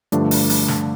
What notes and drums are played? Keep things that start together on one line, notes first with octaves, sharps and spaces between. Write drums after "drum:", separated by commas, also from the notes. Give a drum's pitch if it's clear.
G2 D3 F3 A3 D4, drum: hi-hat
drum: open hi-hat
drum: open hi-hat
drum: snare